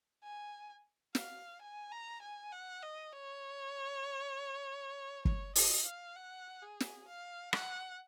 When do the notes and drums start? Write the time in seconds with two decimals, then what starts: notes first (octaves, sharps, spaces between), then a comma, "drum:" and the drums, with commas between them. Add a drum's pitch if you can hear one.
0.23 G#5
1.15 F5, drum: snare
1.61 G#5
1.91 A#5
2.21 G#5
2.52 F#5
2.83 D#5
3.13 C#5
5.25 C#5, drum: kick
5.55 D#5, drum: open hi-hat
5.85 F5
6.16 F#5
6.63 G#4
6.80 drum: snare
7.07 F5
7.53 F#5, drum: rim click